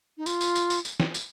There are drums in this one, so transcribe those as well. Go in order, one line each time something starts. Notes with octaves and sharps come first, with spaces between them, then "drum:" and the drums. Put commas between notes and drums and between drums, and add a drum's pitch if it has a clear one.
D#4
F4, drum: tambourine
drum: tambourine
drum: tambourine
drum: tambourine
drum: tambourine
drum: snare
drum: tambourine